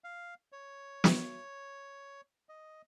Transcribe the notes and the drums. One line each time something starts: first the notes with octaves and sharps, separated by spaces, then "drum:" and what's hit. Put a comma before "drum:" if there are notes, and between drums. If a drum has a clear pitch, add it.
F5
C#5
drum: snare
D#5